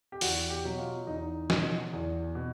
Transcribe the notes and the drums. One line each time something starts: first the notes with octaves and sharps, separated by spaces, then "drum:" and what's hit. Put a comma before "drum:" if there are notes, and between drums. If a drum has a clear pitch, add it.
G4
E2 F#4, drum: open hi-hat
G4
B2 F#3
F4
E2 D#4
B2 F#3, drum: snare
E2
B2